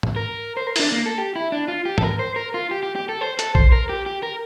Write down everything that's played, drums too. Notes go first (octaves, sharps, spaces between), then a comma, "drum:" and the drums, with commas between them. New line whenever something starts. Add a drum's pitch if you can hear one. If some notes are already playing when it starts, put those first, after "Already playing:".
drum: tom
A#4
C5
A#4
E4, drum: open hi-hat
D4
A#3
A4
G4
E4
D4
F4
G4
A4, drum: tom
A#4
C5
A#4
F4
G4
G4
G4
A4
C5
A4, drum: hi-hat
C5, drum: kick A#1
A#4
G4
G4
A#4